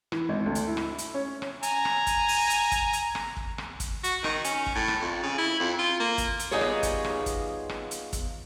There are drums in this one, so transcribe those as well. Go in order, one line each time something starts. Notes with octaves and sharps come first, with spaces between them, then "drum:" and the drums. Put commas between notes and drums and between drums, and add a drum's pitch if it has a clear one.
E3, drum: rim click
G#1
D2
drum: hi-hat
E4
drum: rim click
drum: hi-hat
C#4
drum: rim click
G#5 A#5, drum: hi-hat
drum: rim click
drum: kick, hi-hat
drum: open hi-hat
drum: hi-hat
drum: kick, hi-hat
drum: hi-hat
drum: rim click
drum: kick
drum: rim click
drum: kick, hi-hat
F#4, drum: hi-hat
D#3, drum: rim click
C#4, drum: hi-hat
drum: kick
A2
drum: rim click
F2
C#3
E4
F2
F4
A#3
drum: kick, hi-hat
drum: hi-hat
G3 B3 D#4 F4 G#4 C#5
drum: rim click
drum: kick, hi-hat
drum: rim click
drum: kick, hi-hat
drum: rim click
drum: hi-hat
drum: kick, hi-hat